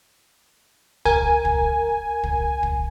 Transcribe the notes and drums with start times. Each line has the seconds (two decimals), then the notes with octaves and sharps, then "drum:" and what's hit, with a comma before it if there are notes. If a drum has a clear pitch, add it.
1.05 A#4 G#5, drum: kick
1.45 drum: kick
2.23 drum: kick
2.63 drum: kick